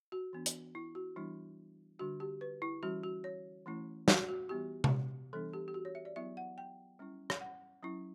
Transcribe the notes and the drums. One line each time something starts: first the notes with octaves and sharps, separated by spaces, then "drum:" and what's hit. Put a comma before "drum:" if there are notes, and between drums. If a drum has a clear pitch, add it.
F#4
E3 B3 D4
drum: hi-hat
E4
F#4
E3 G3 B3 D4 E4
D3 G3 D4 F#4
G4
B4
E4
E3 G3 C#4 F#4
F#4
C#5
E3 A3 C#4 E4
F#4, drum: snare
F#4
E3 G3 B3 E4 G4
drum: tom C3
E3 G3 B3 D4 A4
G4
G4
F#4
C#5
E5
D5
F#3 B3 E4 E5
F#5
G5
G3 C#4 E4
drum: rim click
F#5
F#3 C#4 E4